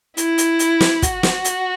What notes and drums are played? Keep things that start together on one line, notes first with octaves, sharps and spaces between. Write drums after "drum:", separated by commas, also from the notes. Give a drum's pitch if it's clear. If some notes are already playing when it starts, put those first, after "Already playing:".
E4, drum: hi-hat
drum: hi-hat
drum: hi-hat
drum: snare
F#4, drum: kick, hi-hat
drum: snare
drum: hi-hat